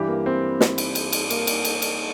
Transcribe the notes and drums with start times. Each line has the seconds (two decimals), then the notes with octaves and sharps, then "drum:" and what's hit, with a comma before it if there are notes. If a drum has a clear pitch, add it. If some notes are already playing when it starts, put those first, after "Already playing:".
Already playing: G2 E3 G3 G4
0.08 A#3
0.26 C4
0.61 drum: snare
0.78 drum: cymbal
0.95 drum: cymbal
1.13 drum: cymbal
1.30 A#3, drum: cymbal
1.47 drum: cymbal
1.65 drum: cymbal
1.82 drum: cymbal